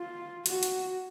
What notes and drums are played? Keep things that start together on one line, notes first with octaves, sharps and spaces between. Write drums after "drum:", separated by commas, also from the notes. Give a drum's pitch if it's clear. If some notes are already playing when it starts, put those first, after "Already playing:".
Already playing: F4
F#4, drum: hi-hat
drum: hi-hat